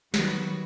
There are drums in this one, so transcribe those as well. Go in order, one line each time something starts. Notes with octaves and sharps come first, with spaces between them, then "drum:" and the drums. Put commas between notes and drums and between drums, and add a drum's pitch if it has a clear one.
D#3 F#3 B3 F#4, drum: snare